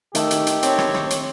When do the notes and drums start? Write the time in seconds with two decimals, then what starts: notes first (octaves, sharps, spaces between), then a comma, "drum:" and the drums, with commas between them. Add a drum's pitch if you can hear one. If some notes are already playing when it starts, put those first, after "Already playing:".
0.15 D#3 A3 G4, drum: hi-hat
0.31 drum: hi-hat
0.47 drum: hi-hat
0.63 C4 C#5, drum: hi-hat
0.79 drum: rim click
0.94 drum: rim click
1.10 drum: hi-hat